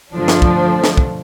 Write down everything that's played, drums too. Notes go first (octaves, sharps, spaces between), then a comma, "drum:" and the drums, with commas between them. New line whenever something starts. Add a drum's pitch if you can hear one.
G2 D3 F3 A3 D4
drum: snare
drum: kick
drum: snare
drum: kick